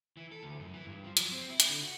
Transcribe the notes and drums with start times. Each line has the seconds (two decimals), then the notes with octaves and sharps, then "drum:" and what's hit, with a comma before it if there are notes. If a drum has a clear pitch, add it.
0.17 E3
0.32 A4
0.43 D2
0.59 F#2
0.74 E3
0.86 G2
1.04 F3
1.17 F#3, drum: hi-hat
1.32 C4
1.50 E4
1.60 drum: hi-hat
1.69 D3
1.83 F#4